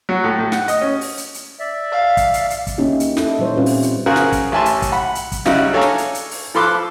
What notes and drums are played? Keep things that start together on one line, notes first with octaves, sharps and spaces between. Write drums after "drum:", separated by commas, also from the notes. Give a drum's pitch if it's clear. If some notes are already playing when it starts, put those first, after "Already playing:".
F#3
A2
A2
F#5, drum: snare
D#5, drum: hi-hat
C#4
drum: open hi-hat
drum: hi-hat
drum: hi-hat
D5 E5
F5
drum: kick, hi-hat
drum: hi-hat
drum: hi-hat
drum: kick, hi-hat
D3 A#3 C#4 D#4 E4 G4
drum: hi-hat
D#4 E4 A4, drum: snare
A#2 E3 G3 C5 C#5
A#2 C4 C#4 F4 B4
drum: open hi-hat
drum: hi-hat
C#3 F#4 G#4 A#4 C5
drum: snare
drum: kick, hi-hat
A1 E5 G#5 A5 C6
drum: hi-hat
drum: kick, hi-hat
F#5 B5
drum: hi-hat
drum: kick, hi-hat
C#3 F#3 G3 D#4 E4 F#4, drum: snare
D4 A4 C#5 F5 G#5 A#5
drum: snare
drum: hi-hat
drum: hi-hat
drum: open hi-hat
F3 A4 B5 C6 D6 F#6